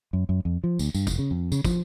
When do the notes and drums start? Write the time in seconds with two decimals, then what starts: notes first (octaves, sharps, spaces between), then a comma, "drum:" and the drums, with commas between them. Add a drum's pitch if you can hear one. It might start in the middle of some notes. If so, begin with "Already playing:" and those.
0.13 F#2
0.29 F#2
0.45 F2
0.64 F3
0.79 D2, drum: tambourine
0.94 G2, drum: tambourine
1.07 F1, drum: kick, tambourine
1.19 C#3
1.31 F2
1.52 C#3, drum: tambourine
1.64 F3, drum: kick, tambourine